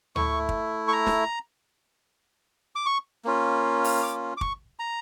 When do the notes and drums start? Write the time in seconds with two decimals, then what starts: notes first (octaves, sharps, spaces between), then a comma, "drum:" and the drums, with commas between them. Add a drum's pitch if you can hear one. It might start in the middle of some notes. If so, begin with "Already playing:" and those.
0.16 A3 E4 C#6, drum: tom D2
0.49 drum: kick
0.88 C#6
0.93 A#5
1.06 drum: snare
2.75 D6
2.86 C#6
3.25 A#3 C#4 F4
3.84 drum: open hi-hat
4.03 D6
4.37 D6
4.41 C#6, drum: kick
4.79 A#5